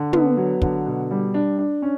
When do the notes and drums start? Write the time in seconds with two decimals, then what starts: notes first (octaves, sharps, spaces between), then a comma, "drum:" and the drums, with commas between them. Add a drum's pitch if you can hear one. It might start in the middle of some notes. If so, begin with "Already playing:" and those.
Already playing: D3
0.13 B3, drum: tom
0.37 F#3
0.62 D3, drum: kick
0.86 B2
1.11 G3
1.34 D4
1.58 D4
1.82 C#4